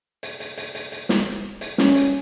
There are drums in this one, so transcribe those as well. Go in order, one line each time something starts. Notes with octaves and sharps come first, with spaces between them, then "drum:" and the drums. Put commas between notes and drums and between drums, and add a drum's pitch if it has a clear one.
drum: hi-hat
drum: hi-hat
drum: hi-hat
drum: hi-hat
drum: hi-hat
drum: snare
drum: hi-hat
C#4, drum: snare
drum: hi-hat